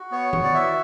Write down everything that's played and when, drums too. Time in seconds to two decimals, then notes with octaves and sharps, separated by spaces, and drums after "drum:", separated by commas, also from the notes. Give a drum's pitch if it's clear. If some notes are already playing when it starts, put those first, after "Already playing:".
Already playing: F#4
0.11 B3 C#5
0.33 F#4, drum: tom D#3
0.43 D5
0.54 E4 E5